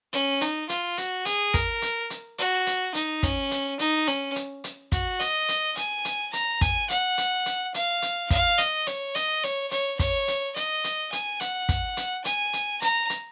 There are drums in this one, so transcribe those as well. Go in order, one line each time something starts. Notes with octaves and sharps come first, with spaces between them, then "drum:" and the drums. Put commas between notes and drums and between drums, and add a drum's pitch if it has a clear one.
C#4, drum: hi-hat
D#4, drum: hi-hat
F4, drum: hi-hat
F#4, drum: hi-hat
G#4, drum: hi-hat
A#4, drum: kick, hi-hat
drum: hi-hat
drum: hi-hat
F#4, drum: hi-hat
drum: hi-hat
D#4, drum: hi-hat
C#4, drum: kick, hi-hat
drum: hi-hat
D#4, drum: hi-hat
C#4, drum: hi-hat
drum: hi-hat
drum: hi-hat
F#4, drum: kick, hi-hat
D#5, drum: hi-hat
drum: hi-hat
G#5, drum: hi-hat
drum: hi-hat
A#5, drum: hi-hat
G#5, drum: kick, hi-hat
F#5, drum: hi-hat
drum: hi-hat
drum: hi-hat
F5, drum: hi-hat
drum: hi-hat
F5, drum: kick, hi-hat
D#5, drum: hi-hat
C#5, drum: hi-hat
D#5, drum: hi-hat
C#5, drum: hi-hat
C#5, drum: hi-hat
C#5, drum: kick, hi-hat
drum: hi-hat
D#5, drum: hi-hat
drum: hi-hat
G#5, drum: hi-hat
F#5, drum: hi-hat
drum: kick, hi-hat
drum: hi-hat
G#5, drum: hi-hat
drum: hi-hat
A#5, drum: hi-hat
drum: hi-hat